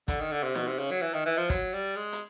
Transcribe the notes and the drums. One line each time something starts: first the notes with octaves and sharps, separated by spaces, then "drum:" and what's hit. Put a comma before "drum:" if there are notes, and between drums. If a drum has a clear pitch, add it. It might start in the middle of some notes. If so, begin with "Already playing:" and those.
D3, drum: kick, hi-hat
D#3
D3
C3
B2, drum: snare
C3
C#3
F#3
E3
D#3
E3
F3
F#3, drum: kick, hi-hat
G3
G#3
drum: hi-hat